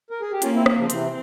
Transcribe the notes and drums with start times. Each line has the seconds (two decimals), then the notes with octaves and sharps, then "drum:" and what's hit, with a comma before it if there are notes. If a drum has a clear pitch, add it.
0.11 A#4
0.21 G#4
0.32 G4
0.42 A#3 C#4 F4, drum: hi-hat
0.54 C4 E4
0.66 drum: rim click
0.78 C#3 F3
0.90 C3 E3 C4, drum: hi-hat